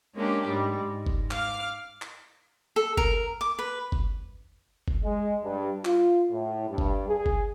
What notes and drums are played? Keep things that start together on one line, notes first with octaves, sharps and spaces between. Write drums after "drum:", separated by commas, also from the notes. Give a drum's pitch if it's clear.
G#3 A#3 C#4 D4 G4
G#2 G3 G#3
G#2
drum: kick F#1
F5 D6 F6, drum: clap
drum: clap
A4
A#4, drum: kick F#1
D6
B4
drum: kick F#1
drum: kick F#1
G#3
G2
F4, drum: clap
A2
G2
drum: kick F#1
G#4
drum: kick F#1